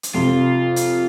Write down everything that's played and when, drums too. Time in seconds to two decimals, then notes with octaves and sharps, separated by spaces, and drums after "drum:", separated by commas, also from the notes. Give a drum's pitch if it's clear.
0.03 drum: hi-hat
0.14 F1 F2 C3 F4
0.76 drum: hi-hat